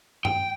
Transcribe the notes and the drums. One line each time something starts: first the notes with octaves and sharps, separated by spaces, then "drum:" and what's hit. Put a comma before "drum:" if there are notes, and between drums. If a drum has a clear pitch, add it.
G5, drum: tom G2